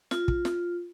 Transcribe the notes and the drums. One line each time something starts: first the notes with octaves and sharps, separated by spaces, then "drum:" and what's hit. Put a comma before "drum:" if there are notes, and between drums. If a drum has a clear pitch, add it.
F4, drum: snare
drum: kick
drum: snare